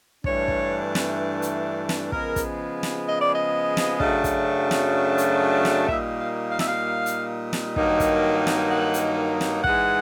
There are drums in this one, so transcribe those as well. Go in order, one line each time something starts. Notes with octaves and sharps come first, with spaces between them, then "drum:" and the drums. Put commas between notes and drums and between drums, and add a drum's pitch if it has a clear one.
G2 E3 A3 D4 C#5, drum: kick
drum: kick
drum: snare
drum: hi-hat
drum: snare
C#3 F3 G#3 B3 A#4, drum: kick
drum: kick, hi-hat
drum: snare
D#5
D5
D#5
drum: snare
F#2 C#3 F#3 A3 D4, drum: kick
drum: kick, hi-hat
drum: snare
drum: hi-hat
drum: snare
A#2 G3 A#3 D#4 E5, drum: kick
F5
F5
E5, drum: snare
F5
drum: hi-hat
drum: snare
G2 D#3 F#3 A#3 D#4, drum: kick
drum: kick, hi-hat
drum: snare
F#5
drum: hi-hat
drum: snare
G#2 E3 G#3 F#5, drum: kick